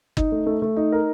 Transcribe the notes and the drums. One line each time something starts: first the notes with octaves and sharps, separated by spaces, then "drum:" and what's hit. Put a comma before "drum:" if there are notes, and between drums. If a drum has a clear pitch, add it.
D#4, drum: kick
A3
A3
A3
D#4
A#4